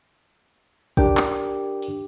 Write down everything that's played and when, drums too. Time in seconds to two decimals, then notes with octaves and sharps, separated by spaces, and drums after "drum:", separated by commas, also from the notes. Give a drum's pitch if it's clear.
0.97 D4 G4 A#4 G5, drum: kick
1.17 drum: clap
1.82 drum: open hi-hat